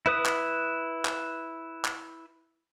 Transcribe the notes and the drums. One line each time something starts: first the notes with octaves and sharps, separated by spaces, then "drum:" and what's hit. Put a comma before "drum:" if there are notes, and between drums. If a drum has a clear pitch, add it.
E4 B4 D#6
drum: clap
drum: clap
drum: clap